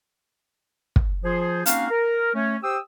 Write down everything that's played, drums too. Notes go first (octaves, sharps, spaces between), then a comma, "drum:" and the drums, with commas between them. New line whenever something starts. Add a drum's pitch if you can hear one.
drum: kick
F3 F4 G#4 C5
A#3 C4 C#4 D#4 F#4 F5, drum: hi-hat
A#4
A3 C#4
G4 C5 G5 D#6 E6